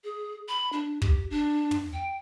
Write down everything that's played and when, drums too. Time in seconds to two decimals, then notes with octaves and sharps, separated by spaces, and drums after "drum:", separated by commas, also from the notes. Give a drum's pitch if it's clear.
0.04 G#4
0.48 B5
0.72 D4
1.02 G4, drum: kick
1.30 D4
1.71 drum: tom
1.93 G5